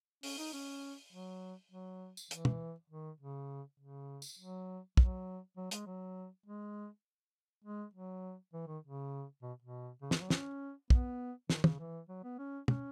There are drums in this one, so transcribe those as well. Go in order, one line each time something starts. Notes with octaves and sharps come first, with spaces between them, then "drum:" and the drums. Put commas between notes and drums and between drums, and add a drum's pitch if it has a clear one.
C#4, drum: open hi-hat
D#4
C#4
F#3
F#3
drum: tambourine
E3, drum: hi-hat
drum: tom
D#3
C#3
C#3
drum: tambourine
F#3
F#3, drum: kick
F#3
G#3, drum: hi-hat
F#3
G#3
G#3
F#3
E3
D#3
C#3
B2
B2
C#3
D#3, drum: snare
F#3
C#4, drum: snare
B3, drum: kick
D#3, drum: snare
C#3, drum: tom
E3
F#3
B3
C#4
C#4, drum: tom